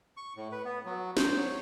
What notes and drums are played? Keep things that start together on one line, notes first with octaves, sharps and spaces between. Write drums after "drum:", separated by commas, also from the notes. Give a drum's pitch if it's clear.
C#6
A2
B4
B3
F#3
C5, drum: snare
C#5